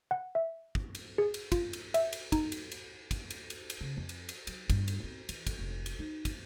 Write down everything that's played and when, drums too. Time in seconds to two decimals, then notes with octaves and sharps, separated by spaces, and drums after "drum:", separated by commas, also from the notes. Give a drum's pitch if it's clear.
0.11 F#5
0.35 E5
0.75 drum: kick
0.95 drum: cymbal
1.18 G#4
1.34 drum: cymbal
1.52 F4, drum: kick, cymbal
1.73 drum: cymbal
1.94 E5, drum: cymbal
2.13 drum: cymbal
2.32 D#4, drum: kick, cymbal
2.52 drum: cymbal
2.72 drum: cymbal
3.11 drum: kick, cymbal
3.30 drum: cymbal
3.50 drum: cymbal
3.70 drum: cymbal
3.81 C#3
3.97 F2
4.09 drum: cymbal
4.29 drum: cymbal
4.47 F#3, drum: cymbal
4.70 G2, drum: kick, cymbal
4.88 drum: cymbal
5.04 C4
5.29 E3, drum: cymbal
5.47 drum: kick, cymbal
5.59 F1
5.86 drum: cymbal
5.99 D#4
6.25 drum: kick, cymbal